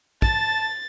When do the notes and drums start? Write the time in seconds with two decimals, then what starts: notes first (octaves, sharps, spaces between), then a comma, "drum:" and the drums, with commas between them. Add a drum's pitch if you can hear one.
0.22 A5 A6, drum: kick